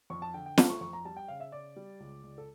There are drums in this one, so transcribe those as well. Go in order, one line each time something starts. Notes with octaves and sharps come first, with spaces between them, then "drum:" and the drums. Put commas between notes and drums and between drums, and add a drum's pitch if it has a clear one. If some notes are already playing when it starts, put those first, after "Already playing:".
F2 C#6
A5
D3 G5
G5
A3 A5, drum: snare
C#6
F2 C#6
A#5
G3 A5
G5
C#3 F5
E5
C#3 D5
G3
C#2
C#2
A4